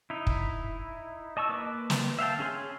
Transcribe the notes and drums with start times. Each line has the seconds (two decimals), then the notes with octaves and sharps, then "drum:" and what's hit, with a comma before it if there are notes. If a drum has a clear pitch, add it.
0.10 D#4 E4
0.27 drum: kick
1.37 D#5 A5 C#6 E6
1.49 A#3 B4 D6
1.90 drum: snare
2.19 E5 F5 G5 A5
2.39 C#4 G#4 G#5 C6 F6